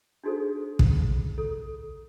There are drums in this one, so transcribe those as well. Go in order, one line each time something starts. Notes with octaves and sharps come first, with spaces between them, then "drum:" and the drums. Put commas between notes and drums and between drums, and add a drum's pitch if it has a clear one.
D4 D#4 F#4 G#4 A4 C5
drum: kick
A4